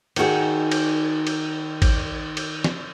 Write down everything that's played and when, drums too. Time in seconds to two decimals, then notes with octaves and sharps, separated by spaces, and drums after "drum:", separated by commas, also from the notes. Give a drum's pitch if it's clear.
0.16 D#3 D#4 F#4 G#4, drum: cymbal
0.72 drum: cymbal
1.27 drum: cymbal
1.82 drum: kick G#1, cymbal
2.37 drum: cymbal
2.64 drum: snare